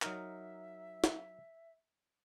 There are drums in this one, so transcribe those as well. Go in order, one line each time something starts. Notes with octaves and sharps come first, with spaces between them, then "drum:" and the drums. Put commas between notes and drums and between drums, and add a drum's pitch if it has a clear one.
F#3 D#4 A#4 E5, drum: clap
drum: snare